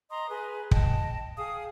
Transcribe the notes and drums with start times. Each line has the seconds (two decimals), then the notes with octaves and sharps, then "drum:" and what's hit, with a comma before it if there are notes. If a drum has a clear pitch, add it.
0.10 D#5 A#5 C6 D#6
0.28 G#4 B4
0.71 D#5 G5 A5, drum: kick
1.37 G#4 F5 G5 D#6